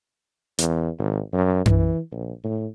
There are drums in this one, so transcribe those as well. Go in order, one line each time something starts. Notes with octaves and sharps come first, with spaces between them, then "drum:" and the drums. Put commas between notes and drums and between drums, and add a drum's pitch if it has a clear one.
E2, drum: hi-hat
G#1
F#2
E3, drum: tom F#2
A#1
A2